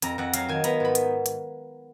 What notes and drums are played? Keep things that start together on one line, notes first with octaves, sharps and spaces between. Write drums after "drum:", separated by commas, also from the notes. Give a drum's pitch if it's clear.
F2 A#5, drum: hi-hat
F2 F#5
F#3 F5, drum: hi-hat
D#3 G#5
B3 A#5, drum: hi-hat
G#2 B5
drum: hi-hat
drum: hi-hat